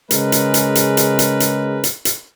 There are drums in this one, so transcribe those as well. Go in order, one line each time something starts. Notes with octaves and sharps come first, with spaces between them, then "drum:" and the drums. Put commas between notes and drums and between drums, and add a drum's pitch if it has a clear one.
C#3 G#3 C#4 G#4 A#4 B4, drum: hi-hat
drum: hi-hat
drum: hi-hat
drum: hi-hat
drum: hi-hat
drum: hi-hat
drum: hi-hat
drum: hi-hat
drum: hi-hat